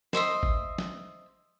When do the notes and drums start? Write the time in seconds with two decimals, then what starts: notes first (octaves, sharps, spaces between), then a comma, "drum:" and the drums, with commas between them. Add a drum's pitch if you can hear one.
0.13 C5 D#5 E5 C6, drum: snare
0.43 drum: kick G#1
0.78 drum: snare